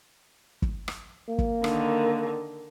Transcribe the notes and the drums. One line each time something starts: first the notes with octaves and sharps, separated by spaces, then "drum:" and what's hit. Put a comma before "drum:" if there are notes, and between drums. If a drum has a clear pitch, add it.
drum: kick
drum: rim click
A#3
drum: kick
D3 D#3, drum: rim click